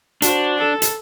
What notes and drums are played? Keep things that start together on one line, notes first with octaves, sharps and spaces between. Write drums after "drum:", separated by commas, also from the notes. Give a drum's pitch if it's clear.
D4 F#4 C5, drum: hi-hat
A4
drum: hi-hat